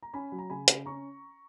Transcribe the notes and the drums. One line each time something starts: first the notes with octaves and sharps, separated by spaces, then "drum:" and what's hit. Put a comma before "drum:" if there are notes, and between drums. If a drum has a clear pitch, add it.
A#5
C#4 G#5 B5
F#3
A#5
C#3 G#5 B5
C#3, drum: hi-hat
C#4 A#5 C#6